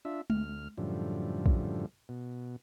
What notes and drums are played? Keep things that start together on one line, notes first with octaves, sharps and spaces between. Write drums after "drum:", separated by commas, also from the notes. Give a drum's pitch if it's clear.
D4 F4 E5
D2 F6, drum: tom G#3
F#2 A2 D3 F3 G3
drum: kick
B2